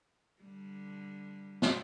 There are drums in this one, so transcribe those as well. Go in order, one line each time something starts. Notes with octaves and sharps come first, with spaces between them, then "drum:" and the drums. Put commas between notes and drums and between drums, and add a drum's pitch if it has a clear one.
D3 G3
drum: snare